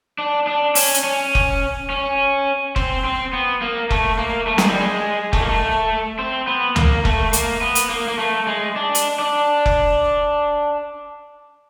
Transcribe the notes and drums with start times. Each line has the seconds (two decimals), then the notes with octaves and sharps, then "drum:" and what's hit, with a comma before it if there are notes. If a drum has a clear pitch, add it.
0.18 D4
0.47 D4
0.75 C#4, drum: open hi-hat
0.94 drum: hi-hat
1.04 C#4
1.35 drum: kick F1
1.90 C#4
2.76 C4, drum: kick F1
3.04 C4
3.33 B3
3.62 A#3
3.90 A3, drum: kick F1
4.18 A#3
4.47 A3
4.58 G#3, drum: snare
4.69 G3
4.80 G#3
5.33 A3, drum: kick F1
5.42 A#3
5.49 A3
6.19 C4
6.47 B3
6.76 A#3, drum: tom C#2
7.05 A3, drum: kick F1
7.33 A#3, drum: hi-hat
7.62 B3
7.75 drum: hi-hat
7.90 A#3
8.08 A#3
8.19 A3
8.47 G#3
8.76 D4
8.95 drum: hi-hat
9.19 D4
9.66 drum: kick F1